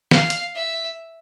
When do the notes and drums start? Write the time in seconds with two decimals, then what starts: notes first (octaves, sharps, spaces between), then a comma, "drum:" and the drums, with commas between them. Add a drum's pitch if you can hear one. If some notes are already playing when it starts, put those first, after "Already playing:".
0.11 F5, drum: snare
0.30 drum: hi-hat
0.55 E5